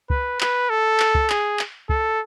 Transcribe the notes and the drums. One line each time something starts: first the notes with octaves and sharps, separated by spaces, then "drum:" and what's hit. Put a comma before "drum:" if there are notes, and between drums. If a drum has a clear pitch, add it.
B4, drum: kick
B4, drum: clap
A4
drum: clap
drum: kick
G#4, drum: clap
drum: clap
A4, drum: kick